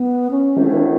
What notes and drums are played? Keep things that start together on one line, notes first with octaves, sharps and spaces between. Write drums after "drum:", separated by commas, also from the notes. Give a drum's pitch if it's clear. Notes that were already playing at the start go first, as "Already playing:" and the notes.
Already playing: B3
C#4
drum: cymbal
D4